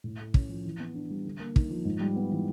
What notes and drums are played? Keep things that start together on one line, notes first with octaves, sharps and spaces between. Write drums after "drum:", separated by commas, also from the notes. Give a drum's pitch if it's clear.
A2
A3
C#4, drum: kick
F3
E3
B3
D4
G3
D3
A#3
D#4, drum: kick
F3
G#2
G3
B3
E3